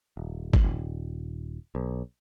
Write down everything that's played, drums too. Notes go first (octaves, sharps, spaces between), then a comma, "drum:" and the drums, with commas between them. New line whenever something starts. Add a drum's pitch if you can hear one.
D#1
drum: kick G1
D#1
B1